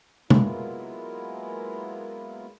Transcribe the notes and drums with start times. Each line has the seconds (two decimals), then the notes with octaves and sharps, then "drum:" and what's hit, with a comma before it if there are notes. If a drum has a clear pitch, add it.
0.30 F#3 G#3 A#3 B3 E4 F4, drum: tom C3